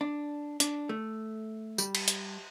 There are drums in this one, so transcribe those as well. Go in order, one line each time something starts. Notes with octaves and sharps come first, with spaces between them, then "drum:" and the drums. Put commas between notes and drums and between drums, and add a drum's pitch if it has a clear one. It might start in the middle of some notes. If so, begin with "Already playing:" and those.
D4
D4, drum: hi-hat
A3
G3, drum: tambourine
drum: cymbal
drum: hi-hat